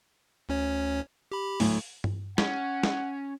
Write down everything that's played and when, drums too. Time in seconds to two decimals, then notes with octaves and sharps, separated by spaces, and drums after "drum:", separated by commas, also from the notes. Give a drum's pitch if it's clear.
0.49 D2 C#4 C#5
1.32 G4 B5
1.60 D2 A2 F#3, drum: open hi-hat
2.04 drum: tom G2
2.38 C#4 F#5, drum: snare
2.83 drum: snare